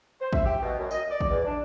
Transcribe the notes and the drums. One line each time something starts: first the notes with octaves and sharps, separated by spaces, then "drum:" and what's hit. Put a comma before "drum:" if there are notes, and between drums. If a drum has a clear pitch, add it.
C5
E5, drum: kick
G4
B2
F#2
D#5, drum: tambourine
D5
drum: kick
E2
D4